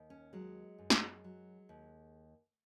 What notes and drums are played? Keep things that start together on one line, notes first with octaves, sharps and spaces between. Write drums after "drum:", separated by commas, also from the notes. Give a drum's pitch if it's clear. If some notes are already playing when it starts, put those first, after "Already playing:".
Already playing: D#2
C#4
F#3 G#3
F#2
drum: snare
F#3
D#2